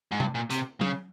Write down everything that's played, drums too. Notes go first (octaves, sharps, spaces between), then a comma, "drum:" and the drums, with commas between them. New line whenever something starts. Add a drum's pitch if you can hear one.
G#2
G2, drum: tom C3
A#2
C3, drum: hi-hat
C#3, drum: tom